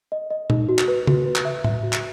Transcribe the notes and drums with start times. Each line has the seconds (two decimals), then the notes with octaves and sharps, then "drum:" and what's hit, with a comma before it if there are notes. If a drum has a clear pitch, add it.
0.12 D#5
0.30 D#5
0.50 D#4, drum: tom A#2
0.69 F#4
0.78 drum: clap
0.88 B4
1.07 F#4, drum: tom C#3
1.25 B4
1.36 drum: clap
1.45 E5
1.64 E5, drum: tom A2
1.83 F#4
1.93 drum: clap